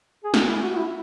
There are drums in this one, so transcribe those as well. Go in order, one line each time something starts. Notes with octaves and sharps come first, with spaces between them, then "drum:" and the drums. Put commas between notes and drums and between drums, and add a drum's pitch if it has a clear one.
G#4
F#4, drum: snare
E4
F#4
F#4
E4